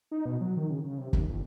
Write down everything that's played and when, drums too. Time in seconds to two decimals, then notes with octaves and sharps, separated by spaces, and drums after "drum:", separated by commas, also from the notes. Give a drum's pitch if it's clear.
0.11 D#4
0.26 B2
0.41 F#3
0.57 D#3
0.70 C#3
0.85 C#3
0.98 C3
1.13 D#2, drum: kick
1.29 G1